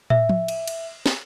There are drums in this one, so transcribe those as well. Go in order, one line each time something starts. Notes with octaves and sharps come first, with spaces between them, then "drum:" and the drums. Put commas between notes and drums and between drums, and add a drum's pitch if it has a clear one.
E5, drum: tom
drum: tom F3
drum: cymbal
drum: cymbal
drum: snare